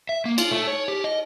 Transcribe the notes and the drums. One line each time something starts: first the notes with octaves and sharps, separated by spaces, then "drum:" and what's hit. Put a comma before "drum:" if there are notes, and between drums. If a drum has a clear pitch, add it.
E5
A#3
F4, drum: cymbal
A3
C#5
G4
D#5